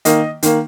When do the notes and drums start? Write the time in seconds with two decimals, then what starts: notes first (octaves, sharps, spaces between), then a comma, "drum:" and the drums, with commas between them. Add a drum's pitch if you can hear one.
0.05 D#3 A#3 D#5, drum: hi-hat
0.43 D#3 A#3, drum: hi-hat